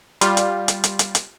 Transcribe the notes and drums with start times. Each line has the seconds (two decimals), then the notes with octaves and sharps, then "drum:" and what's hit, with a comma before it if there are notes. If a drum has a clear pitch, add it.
0.21 G3 F4, drum: hi-hat
0.37 drum: hi-hat
0.68 drum: hi-hat
0.84 drum: hi-hat
0.99 drum: hi-hat
1.15 drum: hi-hat